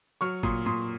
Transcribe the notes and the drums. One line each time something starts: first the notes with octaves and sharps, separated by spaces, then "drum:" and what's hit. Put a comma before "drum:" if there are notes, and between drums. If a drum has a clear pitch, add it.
F#3 C#6 F6
A#2 C6 D#6, drum: kick G#1
A#2 C6 D#6